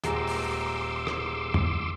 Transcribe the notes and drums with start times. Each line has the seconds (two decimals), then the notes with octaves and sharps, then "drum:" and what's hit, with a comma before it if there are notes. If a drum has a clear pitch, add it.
0.04 D#1 G#3 A#5 C6 D6 E6, drum: hi-hat
0.27 drum: open hi-hat
1.07 drum: rim click
1.54 drum: tom